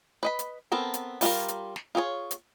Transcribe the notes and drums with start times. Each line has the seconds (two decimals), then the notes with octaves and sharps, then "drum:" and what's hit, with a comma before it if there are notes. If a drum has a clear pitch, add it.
0.23 B4 D#5 B5
0.39 drum: hi-hat
0.72 B3 C4 A4 A#4
0.94 drum: hi-hat
1.21 G3 F4 F#4 A#4, drum: open hi-hat
1.48 drum: hi-hat
1.76 drum: snare
1.95 F4 G#4 A4 C#5
2.31 drum: hi-hat